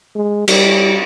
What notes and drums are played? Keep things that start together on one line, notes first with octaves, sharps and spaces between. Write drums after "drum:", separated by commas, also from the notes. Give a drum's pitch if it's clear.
G#3
G3, drum: cymbal